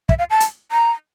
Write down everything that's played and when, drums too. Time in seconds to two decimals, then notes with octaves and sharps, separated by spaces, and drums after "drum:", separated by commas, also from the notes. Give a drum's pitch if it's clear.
0.09 E5, drum: kick
0.19 F5
0.30 A5
0.40 drum: hi-hat
0.72 A#5